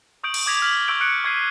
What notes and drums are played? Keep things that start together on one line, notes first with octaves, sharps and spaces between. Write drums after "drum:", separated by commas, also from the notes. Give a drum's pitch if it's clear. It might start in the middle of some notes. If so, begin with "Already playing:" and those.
C#6 D#6 G6 D7 F#7
drum: cymbal
D6 D#6 G#6 A#6 B6 F7
F6 B6 F#7
C#6 E6 G6 D7 F7
F#6 C#7 D7
C#6 F6 G#6 B6 C7 D#7